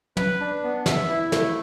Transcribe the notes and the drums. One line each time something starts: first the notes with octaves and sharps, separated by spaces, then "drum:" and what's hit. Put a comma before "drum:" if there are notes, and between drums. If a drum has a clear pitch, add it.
B4, drum: tom
D4
B3
E5, drum: snare
E4
A3, drum: snare